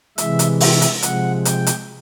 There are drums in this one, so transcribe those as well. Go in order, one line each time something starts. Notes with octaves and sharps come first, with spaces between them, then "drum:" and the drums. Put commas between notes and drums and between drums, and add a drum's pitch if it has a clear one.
C3 E3 G#3 E5, drum: hi-hat
drum: hi-hat
E5, drum: open hi-hat
drum: hi-hat
C3 F3 G#3 F#5, drum: hi-hat
G5, drum: hi-hat
drum: hi-hat